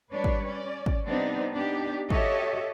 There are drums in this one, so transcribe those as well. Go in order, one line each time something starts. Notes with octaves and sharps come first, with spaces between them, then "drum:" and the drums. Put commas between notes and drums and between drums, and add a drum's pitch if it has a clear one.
G3 D4 B4 C#5 D5
drum: kick
C#4 D5
drum: kick
C3 G3 B3 C4 D4 D#4
B3 D4 D#4 G4
F#4 G4 A4 C#5 D#5 E5, drum: kick